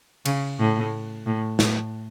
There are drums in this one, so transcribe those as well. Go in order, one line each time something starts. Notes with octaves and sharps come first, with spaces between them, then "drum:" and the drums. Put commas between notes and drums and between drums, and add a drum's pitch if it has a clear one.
C#3, drum: cymbal
A2
A2
A2, drum: snare